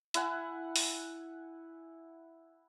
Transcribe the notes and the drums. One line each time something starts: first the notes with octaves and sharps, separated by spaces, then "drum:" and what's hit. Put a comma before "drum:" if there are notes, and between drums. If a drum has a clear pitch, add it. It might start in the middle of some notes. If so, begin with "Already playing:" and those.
E4 F#5 G#5, drum: hi-hat
drum: open hi-hat